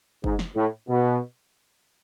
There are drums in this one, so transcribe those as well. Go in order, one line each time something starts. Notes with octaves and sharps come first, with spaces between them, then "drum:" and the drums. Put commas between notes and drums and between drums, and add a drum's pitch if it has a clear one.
G#2, drum: kick
drum: snare
A2
B2